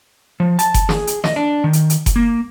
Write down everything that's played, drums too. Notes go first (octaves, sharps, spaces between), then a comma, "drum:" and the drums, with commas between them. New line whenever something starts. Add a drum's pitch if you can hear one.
F3
A5, drum: hi-hat
drum: kick F#1, hi-hat
G#4, drum: snare
drum: hi-hat
D#5, drum: snare
D4
D#3
drum: hi-hat
drum: hi-hat
drum: kick F#1, hi-hat
A#3